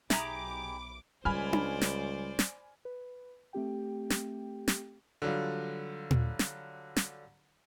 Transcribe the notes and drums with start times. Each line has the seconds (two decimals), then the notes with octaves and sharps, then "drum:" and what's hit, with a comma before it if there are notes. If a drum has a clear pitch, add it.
0.10 B1 D#4 G4 G#4 E5 A#5 B5 D6, drum: snare
1.25 C#2 G3 C5 D5 G#5 B5 F6
1.53 drum: tom D4
1.81 drum: snare
2.39 drum: snare
2.85 B4
3.53 A3 C4 G4 G5
4.10 drum: snare
4.68 drum: snare
5.22 D3 F#3 G3 F4
6.11 drum: tom A#2
6.39 drum: snare
6.96 drum: snare